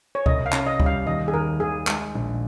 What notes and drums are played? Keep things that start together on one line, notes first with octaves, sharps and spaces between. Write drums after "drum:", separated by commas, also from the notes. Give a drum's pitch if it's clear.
C#5
C2 D#5, drum: kick C#2
F5
C#4, drum: clap
D#5
G3, drum: kick C#2
F5
D#2 D#5
G#4
D#2 A#4
D#2 G#4
G#3, drum: clap
A#1